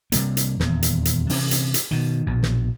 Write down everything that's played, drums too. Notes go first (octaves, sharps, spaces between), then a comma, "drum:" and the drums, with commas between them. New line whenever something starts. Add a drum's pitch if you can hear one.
C3 G3 A#3, drum: hi-hat
drum: hi-hat
D#1 E2, drum: snare
drum: hi-hat
drum: hi-hat
C3 E3 C4 C#4, drum: open hi-hat
drum: hi-hat
drum: hi-hat
B2 D#3
A#1 B2
drum: snare